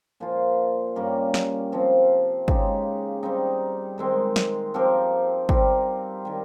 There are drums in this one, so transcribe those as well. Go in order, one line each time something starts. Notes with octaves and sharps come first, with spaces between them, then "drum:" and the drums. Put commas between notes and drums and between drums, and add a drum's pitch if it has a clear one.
A#2 F3 A#3 F4
G2 G3 A#3 C#4
drum: snare
C3 F3 C4
C#3 G#3 D#4 G4, drum: kick
G3 C4 D#4
D#3 G#3 C4
drum: snare
F3 C4 G4 A#4
G3 C4 G4 A#4, drum: kick
D#3 G3